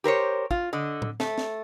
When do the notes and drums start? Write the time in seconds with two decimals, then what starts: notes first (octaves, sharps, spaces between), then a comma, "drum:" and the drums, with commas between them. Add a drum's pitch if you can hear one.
0.04 G4 A#4 C5 C#5
0.51 F4, drum: kick
0.73 D3 D#5
1.02 drum: tom A2
1.20 A3, drum: snare
1.38 drum: snare